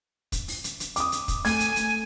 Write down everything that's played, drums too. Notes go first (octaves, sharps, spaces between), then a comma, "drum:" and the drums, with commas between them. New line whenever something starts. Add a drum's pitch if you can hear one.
drum: kick, hi-hat
drum: open hi-hat
drum: hi-hat
drum: hi-hat
D6 D#6, drum: hi-hat
drum: hi-hat
drum: kick, hi-hat
A3 G#5 G#6, drum: open hi-hat
drum: hi-hat
drum: hi-hat